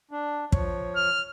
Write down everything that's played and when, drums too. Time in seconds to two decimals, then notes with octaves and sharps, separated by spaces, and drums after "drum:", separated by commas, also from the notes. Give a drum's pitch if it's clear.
0.11 D4
0.52 F3 C#5, drum: kick
0.96 F6